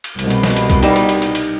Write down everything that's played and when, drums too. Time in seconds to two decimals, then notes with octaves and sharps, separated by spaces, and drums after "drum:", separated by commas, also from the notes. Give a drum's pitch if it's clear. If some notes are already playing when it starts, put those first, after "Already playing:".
0.04 drum: cymbal
0.19 C2 B2, drum: cymbal
0.30 drum: cymbal
0.43 drum: snare
0.56 drum: cymbal
0.70 drum: kick C2, cymbal
0.83 G3 D#4 E5, drum: cymbal
0.96 drum: cymbal
1.09 drum: cymbal
1.22 drum: cymbal
1.35 drum: cymbal